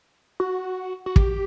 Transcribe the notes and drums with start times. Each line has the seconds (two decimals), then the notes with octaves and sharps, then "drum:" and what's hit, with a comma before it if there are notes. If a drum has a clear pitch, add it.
0.40 F#4
1.06 F#4
1.16 G4, drum: kick